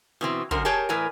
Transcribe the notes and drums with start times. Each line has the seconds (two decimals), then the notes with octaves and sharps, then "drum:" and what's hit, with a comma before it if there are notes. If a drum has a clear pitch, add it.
0.21 B2 E3 C4
0.51 F#2 D3 A#4 C5, drum: kick
0.65 G4 G#4 A#4 C#5 G5 A5
0.89 A2 E3 A#4 B4 D5 G#5